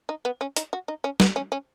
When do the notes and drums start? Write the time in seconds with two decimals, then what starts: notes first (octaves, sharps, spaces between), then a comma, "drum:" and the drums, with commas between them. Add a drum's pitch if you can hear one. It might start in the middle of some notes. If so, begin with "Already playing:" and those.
0.09 D#4
0.25 B3
0.41 C#4
0.56 D#4, drum: hi-hat
0.73 F#4
0.88 D#4
1.04 C#4
1.20 B3, drum: snare
1.36 C#4
1.52 C#4